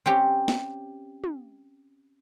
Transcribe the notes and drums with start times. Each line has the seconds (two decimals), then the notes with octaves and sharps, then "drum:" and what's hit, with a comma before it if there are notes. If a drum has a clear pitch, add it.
0.06 C4 C#4 G4
0.48 drum: snare
1.24 drum: tom